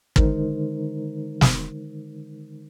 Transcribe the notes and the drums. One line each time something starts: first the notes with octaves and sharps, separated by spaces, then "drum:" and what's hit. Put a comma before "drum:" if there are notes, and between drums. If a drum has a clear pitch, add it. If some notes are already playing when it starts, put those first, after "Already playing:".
D3 D#3 G#3 D#4 A#4 C5, drum: kick
drum: snare